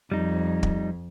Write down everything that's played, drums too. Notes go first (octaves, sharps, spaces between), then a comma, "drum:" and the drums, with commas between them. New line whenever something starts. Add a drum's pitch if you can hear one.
F2 G3 D#4
drum: kick